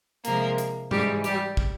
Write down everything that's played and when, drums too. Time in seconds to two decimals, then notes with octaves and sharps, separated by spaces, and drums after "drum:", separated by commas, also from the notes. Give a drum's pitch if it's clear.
0.25 C3 F3 G#3 A#3 A#4, drum: hi-hat
0.58 drum: hi-hat
0.91 G#2 E3 G3 G#3 G4, drum: tom A2
1.24 G3 G4, drum: hi-hat
1.57 drum: kick